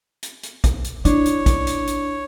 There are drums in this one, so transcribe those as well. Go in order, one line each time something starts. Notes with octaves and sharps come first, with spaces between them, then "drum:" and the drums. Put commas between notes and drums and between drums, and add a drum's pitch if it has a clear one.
drum: hi-hat
drum: hi-hat
drum: kick A1, hi-hat
drum: hi-hat
D4 E4 C#5, drum: hi-hat
drum: hi-hat
drum: kick A1, hi-hat
drum: hi-hat
drum: hi-hat